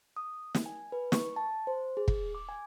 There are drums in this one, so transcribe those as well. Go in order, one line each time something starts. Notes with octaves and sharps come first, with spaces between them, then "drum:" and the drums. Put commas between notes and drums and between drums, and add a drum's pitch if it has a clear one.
D#6
drum: snare
G#5
B4
C#6, drum: snare
A5
C5
G#4
drum: kick
D6
G#5